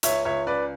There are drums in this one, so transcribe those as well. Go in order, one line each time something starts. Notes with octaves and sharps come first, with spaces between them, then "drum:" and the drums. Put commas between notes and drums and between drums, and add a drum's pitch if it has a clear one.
C#2 C#5 E5, drum: hi-hat
C#2 C#5 E5
C#3 B4 D5